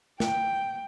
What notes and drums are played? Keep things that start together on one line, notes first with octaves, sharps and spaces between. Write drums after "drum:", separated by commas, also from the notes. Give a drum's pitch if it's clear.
G5, drum: snare